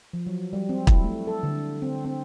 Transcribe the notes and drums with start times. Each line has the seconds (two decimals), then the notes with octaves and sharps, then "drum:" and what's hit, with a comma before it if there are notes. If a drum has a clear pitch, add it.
0.13 F3
0.27 F#3
0.53 G3
0.69 C4
0.87 E4, drum: kick
1.04 A3
1.27 A4
1.43 D3
1.82 C4
2.05 C4